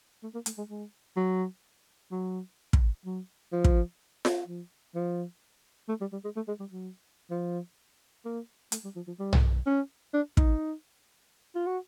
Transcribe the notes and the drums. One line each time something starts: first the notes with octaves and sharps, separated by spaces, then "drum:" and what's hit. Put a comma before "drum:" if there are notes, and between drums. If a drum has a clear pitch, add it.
A3
A#3
A3, drum: hi-hat
G#3
G#3
F#3
F#3
drum: kick
F#3
F3
drum: kick
drum: snare F4
F3
F3
A3
G3
G3
G#3
A3
G#3
G3
F#3
F3
A#3
A3, drum: hi-hat
G3
F3
F3
G3
drum: tom B1
C#4
D4
D#4, drum: kick
F4
F#4